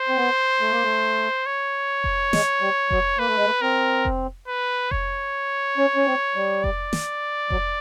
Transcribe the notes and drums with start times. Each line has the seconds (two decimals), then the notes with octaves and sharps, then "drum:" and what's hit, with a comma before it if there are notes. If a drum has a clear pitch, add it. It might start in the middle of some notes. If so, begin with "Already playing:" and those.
Already playing: C5
0.09 C4
0.17 B3
0.60 A3
0.72 A#3
0.84 A3
1.46 C#5
2.04 drum: kick F1
2.33 G#3, drum: snare
2.61 G3
2.91 F#3, drum: kick F1
3.18 A#3 B4
3.28 A3
3.37 G#3
3.46 A3
3.62 C4 A#4
4.05 drum: kick F1
4.48 B4
4.91 C#5, drum: kick F1
5.77 C#4
5.96 C#4
6.06 C4
6.36 G3
6.64 D5, drum: kick F1
6.93 drum: snare
7.50 F#3, drum: kick F1